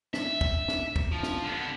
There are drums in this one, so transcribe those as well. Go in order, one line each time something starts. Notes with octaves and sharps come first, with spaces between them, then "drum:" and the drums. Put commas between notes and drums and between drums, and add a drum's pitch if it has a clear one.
E5, drum: snare
drum: kick
drum: snare
drum: kick
F3
drum: snare
D3 B3